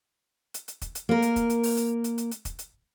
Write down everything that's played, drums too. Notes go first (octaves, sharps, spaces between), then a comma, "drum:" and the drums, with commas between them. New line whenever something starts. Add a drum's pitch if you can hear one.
drum: hi-hat
drum: hi-hat
drum: kick, hi-hat
drum: hi-hat
A#3 A#4
drum: hi-hat
drum: kick, hi-hat
drum: hi-hat
drum: open hi-hat
drum: hi-hat
drum: hi-hat
drum: hi-hat
drum: hi-hat
drum: kick, hi-hat
drum: hi-hat